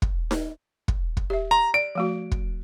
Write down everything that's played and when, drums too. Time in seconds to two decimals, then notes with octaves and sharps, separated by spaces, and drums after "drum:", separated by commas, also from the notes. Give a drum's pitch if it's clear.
0.02 drum: kick
0.31 drum: snare D#4
0.88 drum: kick
1.17 drum: kick
1.30 G4 E5
1.51 A#5 C6
1.74 D5 D7
1.95 F3 A3 F#4
2.31 drum: kick